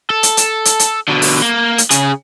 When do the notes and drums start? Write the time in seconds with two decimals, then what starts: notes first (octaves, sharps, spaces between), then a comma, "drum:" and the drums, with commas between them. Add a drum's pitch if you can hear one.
0.10 A4
0.23 drum: hi-hat
0.37 drum: hi-hat
0.65 drum: hi-hat
0.79 drum: hi-hat
1.08 B2 D3
1.22 drum: open hi-hat
1.42 A#3
1.78 drum: hi-hat
1.91 C#3 G#4, drum: hi-hat